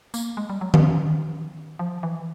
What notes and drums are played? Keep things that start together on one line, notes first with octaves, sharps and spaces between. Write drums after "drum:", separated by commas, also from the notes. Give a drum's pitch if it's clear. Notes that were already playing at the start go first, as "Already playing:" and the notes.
A#3, drum: tambourine
G#3
G3
F#3
F3, drum: tom D#3
F3
E3